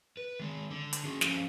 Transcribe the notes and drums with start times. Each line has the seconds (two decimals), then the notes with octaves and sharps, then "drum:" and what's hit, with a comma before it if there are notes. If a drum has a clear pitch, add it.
0.17 B4
0.39 D#3 G#3
0.70 D3
0.93 drum: hi-hat
1.05 C#4 F#4 G#4
1.21 F3 C#4 A4 C5 F5, drum: snare